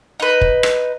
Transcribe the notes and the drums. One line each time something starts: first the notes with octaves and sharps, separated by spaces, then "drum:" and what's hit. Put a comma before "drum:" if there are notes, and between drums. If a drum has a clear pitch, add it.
D#4 B4
drum: kick
drum: rim click